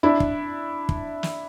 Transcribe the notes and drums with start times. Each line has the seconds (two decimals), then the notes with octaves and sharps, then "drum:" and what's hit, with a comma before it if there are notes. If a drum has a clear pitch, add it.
0.03 D4 E4
0.20 drum: kick
0.89 drum: kick
1.23 drum: snare